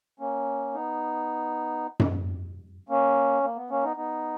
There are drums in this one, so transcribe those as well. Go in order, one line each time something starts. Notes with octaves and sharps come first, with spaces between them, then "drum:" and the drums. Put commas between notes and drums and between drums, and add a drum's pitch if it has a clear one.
A#3 C#4
B3 D#4
drum: tom F#2
A#3 C#4
A#3
B3
A#3 C#4
B3 D#4
B3 D#4